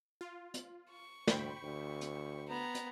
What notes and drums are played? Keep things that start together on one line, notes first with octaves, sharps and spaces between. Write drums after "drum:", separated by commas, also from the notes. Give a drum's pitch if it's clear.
F4
drum: hi-hat
C#6
D2 C5 G5 B5, drum: snare
D2
drum: hi-hat
B3 A#5
drum: hi-hat